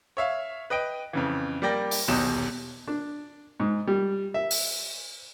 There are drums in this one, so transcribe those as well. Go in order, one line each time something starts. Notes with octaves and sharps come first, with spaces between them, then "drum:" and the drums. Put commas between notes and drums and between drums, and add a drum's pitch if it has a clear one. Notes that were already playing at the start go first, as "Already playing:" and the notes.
C#5 E5 F5
B4 D#5 G5 D7
F2 C#3 E3
G3 A#3 D5 G5 A#6
drum: open hi-hat
D#1 B1 E2 B2 G4 E7
D4
G#2
G3
E5
drum: open hi-hat